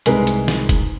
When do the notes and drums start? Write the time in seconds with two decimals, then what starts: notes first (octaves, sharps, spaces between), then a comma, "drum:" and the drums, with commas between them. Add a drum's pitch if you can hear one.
0.06 C2 G#2 G#3 A#4 B4, drum: hi-hat
0.27 drum: hi-hat
0.48 drum: snare
0.69 drum: kick F1, hi-hat